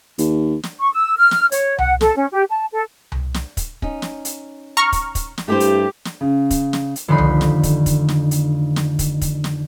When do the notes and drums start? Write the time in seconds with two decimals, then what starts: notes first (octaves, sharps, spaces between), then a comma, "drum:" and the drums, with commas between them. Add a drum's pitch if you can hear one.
0.18 D#2, drum: hi-hat
0.63 drum: snare
0.80 C#6
0.93 E6
1.17 F6
1.31 drum: snare
1.52 C#5, drum: hi-hat
1.79 F#5, drum: tom C2
2.01 A4, drum: snare
2.16 C#4
2.32 G4
2.50 A5
2.72 A4
3.12 drum: tom C2
3.34 drum: snare
3.57 drum: kick, hi-hat
3.82 C#4 D#4, drum: kick
4.02 drum: snare
4.25 drum: hi-hat
4.77 A#5 C#6 F6
4.92 drum: kick, hi-hat
5.15 drum: kick, hi-hat
5.38 drum: snare
5.48 G2 A3 E4 G4 C5
5.60 drum: hi-hat
6.05 drum: snare
6.21 C#3
6.50 drum: kick, hi-hat
6.73 drum: snare
6.96 drum: hi-hat
7.08 F1 D3 D#3 D#4 B5 C7
7.18 drum: tom C2
7.41 drum: snare
7.63 drum: kick, hi-hat
7.86 drum: kick, hi-hat
8.09 drum: snare
8.31 drum: hi-hat
8.76 drum: snare
8.99 drum: kick, hi-hat
9.21 drum: kick, hi-hat
9.44 drum: snare